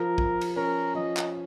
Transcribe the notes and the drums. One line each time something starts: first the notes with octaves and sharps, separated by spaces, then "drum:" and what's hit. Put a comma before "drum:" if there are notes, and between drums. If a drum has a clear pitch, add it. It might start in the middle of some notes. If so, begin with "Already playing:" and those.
Already playing: F3 A#4
F3, drum: kick
drum: cymbal
C#4 A#4
F3 D#5
drum: clap